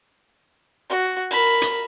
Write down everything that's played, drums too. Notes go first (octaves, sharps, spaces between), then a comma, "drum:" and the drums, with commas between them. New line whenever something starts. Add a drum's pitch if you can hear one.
F#4
A#4 B5, drum: cymbal
drum: hi-hat